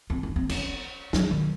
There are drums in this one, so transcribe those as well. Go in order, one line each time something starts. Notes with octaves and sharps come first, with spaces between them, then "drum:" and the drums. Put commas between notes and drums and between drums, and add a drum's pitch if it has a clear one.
C4
C#4
C4
C#4, drum: cymbal
F#3, drum: snare
D#3